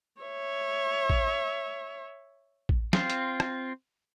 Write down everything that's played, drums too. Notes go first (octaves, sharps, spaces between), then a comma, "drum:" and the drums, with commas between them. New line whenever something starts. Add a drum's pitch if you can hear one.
C#5 E5
drum: kick A1
drum: kick A1
C4 F4, drum: snare
drum: hi-hat
drum: rim click